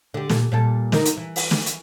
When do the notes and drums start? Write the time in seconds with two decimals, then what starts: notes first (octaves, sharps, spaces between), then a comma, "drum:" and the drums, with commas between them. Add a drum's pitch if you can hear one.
0.14 D3 G4
0.29 A#2 A4, drum: snare
0.52 A#2 G3 A4
0.92 D3 D#4 A#4, drum: snare
1.05 drum: hi-hat
1.17 E3
1.36 drum: open hi-hat
1.51 drum: snare
1.66 drum: hi-hat